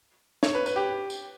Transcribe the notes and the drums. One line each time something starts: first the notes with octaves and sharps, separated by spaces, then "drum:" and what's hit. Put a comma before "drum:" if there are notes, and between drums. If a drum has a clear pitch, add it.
C#5, drum: snare D4
B4
B4, drum: tambourine
G4
drum: tambourine